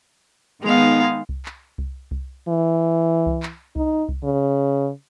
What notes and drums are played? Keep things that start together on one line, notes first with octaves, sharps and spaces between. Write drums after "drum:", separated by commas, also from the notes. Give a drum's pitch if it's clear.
D#3 G#3 B3 D#4 F5
drum: kick C2
drum: clap
drum: kick C2
drum: kick C2
E3
drum: kick C2
drum: clap
D#4, drum: kick C2
drum: kick C2
C#3